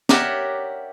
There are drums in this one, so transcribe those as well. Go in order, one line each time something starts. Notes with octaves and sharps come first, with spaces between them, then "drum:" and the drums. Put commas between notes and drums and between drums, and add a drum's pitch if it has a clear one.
G4 A#4 C#5 D5 E5 F#5, drum: snare